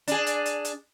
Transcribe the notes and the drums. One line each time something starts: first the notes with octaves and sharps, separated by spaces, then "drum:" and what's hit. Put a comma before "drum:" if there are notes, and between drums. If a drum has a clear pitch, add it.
D4 G#4, drum: hi-hat
drum: hi-hat
drum: hi-hat
drum: hi-hat